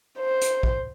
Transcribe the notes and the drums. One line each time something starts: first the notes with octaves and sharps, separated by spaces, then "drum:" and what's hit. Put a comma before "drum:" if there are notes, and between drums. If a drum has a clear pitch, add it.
C5
drum: hi-hat
drum: kick